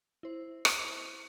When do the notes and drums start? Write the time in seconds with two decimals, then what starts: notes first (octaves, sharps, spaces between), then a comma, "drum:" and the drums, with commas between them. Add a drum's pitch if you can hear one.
0.23 E4 C5
0.65 drum: rim click